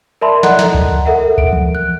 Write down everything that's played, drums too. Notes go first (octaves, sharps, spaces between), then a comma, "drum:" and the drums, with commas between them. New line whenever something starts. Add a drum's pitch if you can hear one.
A#4 D5 E5 A5 B5 C6
A4 D5 D#5 F#5 A#5 F#6, drum: snare
drum: snare
drum: kick
A4 A#4 E5 F#5
D7, drum: kick
drum: tom E3
F#6